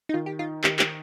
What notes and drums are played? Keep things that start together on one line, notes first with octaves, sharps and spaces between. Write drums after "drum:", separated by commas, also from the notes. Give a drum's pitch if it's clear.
D#4
D#3 F4
G4
D#4 F4
D#3 G4, drum: clap
G4, drum: clap